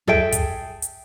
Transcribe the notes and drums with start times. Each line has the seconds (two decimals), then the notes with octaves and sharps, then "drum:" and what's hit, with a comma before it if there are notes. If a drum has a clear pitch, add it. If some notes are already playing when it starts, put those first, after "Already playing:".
0.07 G#4 A4 E5 G5, drum: kick
0.32 drum: kick, hi-hat
0.82 drum: hi-hat